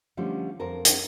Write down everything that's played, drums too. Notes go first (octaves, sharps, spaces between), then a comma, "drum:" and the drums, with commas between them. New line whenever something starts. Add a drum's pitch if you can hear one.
D3 F3 G3 A3 C#4
F2 C4 A#4 A5
drum: hi-hat